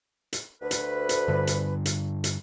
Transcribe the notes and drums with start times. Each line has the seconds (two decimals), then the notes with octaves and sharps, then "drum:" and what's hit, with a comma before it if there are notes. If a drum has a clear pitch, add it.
0.33 drum: hi-hat
0.62 D2 B4
0.71 drum: hi-hat
1.09 drum: hi-hat
1.28 G2 D3
1.47 drum: hi-hat
1.85 drum: hi-hat
2.24 drum: hi-hat